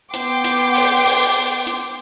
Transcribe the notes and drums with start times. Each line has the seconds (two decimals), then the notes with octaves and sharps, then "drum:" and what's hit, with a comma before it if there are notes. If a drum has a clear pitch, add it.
0.14 B3 G5 C6 D6, drum: hi-hat
0.44 drum: hi-hat
0.75 drum: open hi-hat
1.06 drum: open hi-hat
1.67 drum: hi-hat